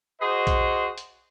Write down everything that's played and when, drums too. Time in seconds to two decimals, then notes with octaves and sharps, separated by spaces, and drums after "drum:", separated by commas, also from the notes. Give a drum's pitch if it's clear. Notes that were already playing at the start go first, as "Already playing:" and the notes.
0.22 F#4 G#4 C5 D#5
0.47 drum: kick A#1, hi-hat
0.98 drum: hi-hat